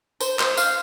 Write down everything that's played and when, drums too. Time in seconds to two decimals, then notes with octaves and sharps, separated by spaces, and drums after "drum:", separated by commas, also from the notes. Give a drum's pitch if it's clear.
0.21 C5, drum: tambourine
0.39 C5, drum: clap
0.57 F5, drum: tambourine